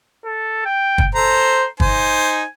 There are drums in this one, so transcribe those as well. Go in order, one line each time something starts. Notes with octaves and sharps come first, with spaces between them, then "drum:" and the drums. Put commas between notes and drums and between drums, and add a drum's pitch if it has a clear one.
A4
G5
drum: kick
A4 C5 A#5
D#4 C5 G#5, drum: kick